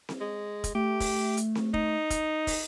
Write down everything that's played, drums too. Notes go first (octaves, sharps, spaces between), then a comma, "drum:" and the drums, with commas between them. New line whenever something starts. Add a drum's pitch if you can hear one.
drum: snare C4
G#3
drum: kick, hi-hat
A3 G4
drum: kick, open hi-hat
drum: hi-hat
drum: snare C4
D#4, drum: kick
drum: kick, hi-hat
drum: kick, open hi-hat